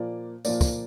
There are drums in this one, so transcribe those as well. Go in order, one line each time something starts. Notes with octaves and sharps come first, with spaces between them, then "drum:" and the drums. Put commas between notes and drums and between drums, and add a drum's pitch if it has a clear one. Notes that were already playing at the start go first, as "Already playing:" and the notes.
Already playing: A#2 F3 A#3 D5
A#2 F3 A#3 D5, drum: tambourine
drum: kick, tambourine